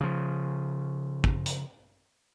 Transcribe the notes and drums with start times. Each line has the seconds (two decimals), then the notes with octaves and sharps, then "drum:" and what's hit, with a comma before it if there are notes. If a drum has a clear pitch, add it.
0.01 C#3 F3
1.24 drum: kick
1.46 drum: hi-hat